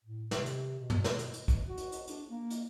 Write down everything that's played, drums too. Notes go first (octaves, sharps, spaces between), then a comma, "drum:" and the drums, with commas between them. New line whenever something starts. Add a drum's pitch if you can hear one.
A2
C3, drum: snare
drum: hi-hat
B2
drum: tom
drum: snare
drum: hi-hat
drum: hi-hat
drum: kick, hi-hat
F#4
drum: hi-hat
drum: hi-hat
D4, drum: hi-hat
A#3
drum: hi-hat